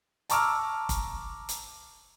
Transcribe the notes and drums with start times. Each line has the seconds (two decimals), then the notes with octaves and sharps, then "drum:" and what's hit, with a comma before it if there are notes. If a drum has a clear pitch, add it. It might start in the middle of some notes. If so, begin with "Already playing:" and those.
0.30 A5 A#5 C#6 D6 E6 F6, drum: hi-hat
0.89 drum: kick, hi-hat
1.49 drum: hi-hat